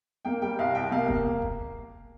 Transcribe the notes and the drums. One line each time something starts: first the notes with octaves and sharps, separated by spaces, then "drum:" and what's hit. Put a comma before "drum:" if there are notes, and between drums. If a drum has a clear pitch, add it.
A#3 G5
G3 G5
C2 F5
C2 G5
A#3 F5
A#3, drum: kick E1
drum: kick E1